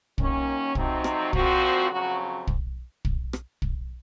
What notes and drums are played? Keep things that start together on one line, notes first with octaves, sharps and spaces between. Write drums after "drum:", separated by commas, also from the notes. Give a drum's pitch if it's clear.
F#2 D#3 A#3 C#4, drum: kick
F2 C3 F#3 C4 D#4, drum: kick
drum: rim click
A#2 F3 C4 F#4, drum: kick
F2 C#3 F#3 F#4
drum: kick
drum: kick
drum: rim click
drum: kick